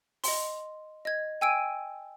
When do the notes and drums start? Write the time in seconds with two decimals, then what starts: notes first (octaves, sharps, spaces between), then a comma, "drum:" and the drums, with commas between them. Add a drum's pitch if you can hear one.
0.24 D#5 C6, drum: open hi-hat
1.05 D#5 G#6
1.41 G5 G#5 E6 G#6 D7 D#7